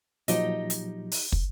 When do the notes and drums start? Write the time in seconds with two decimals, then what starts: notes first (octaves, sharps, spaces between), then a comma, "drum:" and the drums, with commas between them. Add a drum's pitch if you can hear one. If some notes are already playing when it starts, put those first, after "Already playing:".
0.28 A#2 F3 F#3 D#4 G4 D#5, drum: hi-hat
0.70 drum: hi-hat
1.12 drum: open hi-hat
1.32 drum: kick